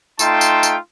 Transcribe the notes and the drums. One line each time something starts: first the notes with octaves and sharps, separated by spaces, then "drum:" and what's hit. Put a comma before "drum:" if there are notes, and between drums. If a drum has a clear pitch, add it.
A3 D#4 F4 G5 A5 C6, drum: tambourine
drum: tambourine
drum: tambourine